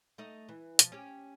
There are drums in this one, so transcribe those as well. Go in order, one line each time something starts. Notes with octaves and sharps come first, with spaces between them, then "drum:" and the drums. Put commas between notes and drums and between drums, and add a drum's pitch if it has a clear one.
A3 D#4 D#5
E3
B2 F3, drum: hi-hat
C#4 G4